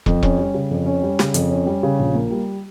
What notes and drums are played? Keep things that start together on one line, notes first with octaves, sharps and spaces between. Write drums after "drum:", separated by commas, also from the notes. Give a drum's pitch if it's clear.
F2, drum: kick
C#4, drum: kick
G3
C#3
F2
C#4
G3
C#3, drum: snare
F2, drum: hi-hat
C#4
G3
C#3
A#1
A#3
G3